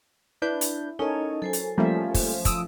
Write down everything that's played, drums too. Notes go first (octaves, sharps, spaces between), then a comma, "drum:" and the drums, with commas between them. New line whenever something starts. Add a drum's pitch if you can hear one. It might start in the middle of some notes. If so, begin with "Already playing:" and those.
D4 E4 B4 G6
drum: hi-hat
C#4 D#4 A4 A#4 C#5 D#5
F#3 A4 C5 G#5
drum: hi-hat
F3 G3 A3 A#3 C#4 E5
drum: kick, open hi-hat
D#6 E6 D7, drum: kick, hi-hat